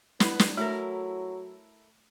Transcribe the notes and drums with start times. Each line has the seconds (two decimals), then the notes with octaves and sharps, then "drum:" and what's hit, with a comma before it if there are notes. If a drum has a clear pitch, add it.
0.20 B3 E4 B4, drum: snare
0.39 drum: snare
0.57 F#3 A3 E4 A4 A#4